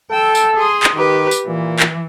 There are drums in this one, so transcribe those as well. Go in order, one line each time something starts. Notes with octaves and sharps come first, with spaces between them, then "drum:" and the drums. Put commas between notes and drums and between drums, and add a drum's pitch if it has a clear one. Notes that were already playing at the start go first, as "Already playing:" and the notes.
A4 G5 E6
drum: tambourine
G#4 C6 D#6
drum: clap
D#3 G4 B4
drum: tambourine
A#2 E3
drum: clap